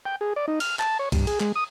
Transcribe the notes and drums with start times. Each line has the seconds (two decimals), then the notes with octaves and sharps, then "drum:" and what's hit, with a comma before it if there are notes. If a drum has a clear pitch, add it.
0.06 G5
0.21 G#4
0.36 D5
0.48 D#4
0.60 F6, drum: cymbal
0.79 A5, drum: clap
0.99 C#5
1.12 G2, drum: kick, cymbal
1.27 G#4, drum: cymbal
1.40 G#3, drum: clap
1.56 D#6